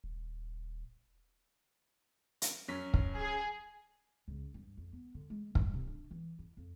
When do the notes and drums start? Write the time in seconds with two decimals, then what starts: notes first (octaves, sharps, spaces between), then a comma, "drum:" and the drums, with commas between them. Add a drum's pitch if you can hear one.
0.04 D#1
2.42 drum: hi-hat
2.68 F#2 C#4 B6
2.94 drum: kick
3.18 G#4
4.28 C#2
4.54 G2
4.77 F2
4.92 B3
5.15 D3
5.30 G#3
5.55 G2, drum: kick
5.74 C3
5.87 D4
6.11 E3
6.39 E4
6.57 F2